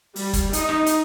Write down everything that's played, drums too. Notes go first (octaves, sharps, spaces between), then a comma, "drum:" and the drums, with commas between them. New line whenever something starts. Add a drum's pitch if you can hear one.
G3, drum: open hi-hat
drum: kick, hi-hat
D#4, drum: hi-hat
drum: rim click
drum: hi-hat